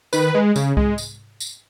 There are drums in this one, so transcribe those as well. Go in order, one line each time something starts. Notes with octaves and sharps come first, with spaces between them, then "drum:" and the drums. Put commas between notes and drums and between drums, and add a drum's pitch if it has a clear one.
D#3 B4, drum: tambourine
G#3
C#3, drum: tambourine
G#3, drum: kick C2
drum: tambourine
drum: tambourine